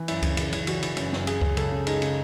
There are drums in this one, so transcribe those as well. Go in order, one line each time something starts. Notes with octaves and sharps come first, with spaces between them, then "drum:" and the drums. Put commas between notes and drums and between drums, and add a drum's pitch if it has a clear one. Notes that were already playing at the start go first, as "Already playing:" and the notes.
Already playing: E3
F#2 E4, drum: cymbal
F#1, drum: kick C#2, cymbal
F#1, drum: cymbal
F#1, drum: cymbal
E3 F#4, drum: cymbal
E3, drum: cymbal
F#2, drum: cymbal
F#2, drum: snare
C#3 G#4, drum: cymbal
C#2, drum: kick C#2
C#2 A4, drum: cymbal
C#3
G#3 D#4, drum: cymbal
C#3, drum: cymbal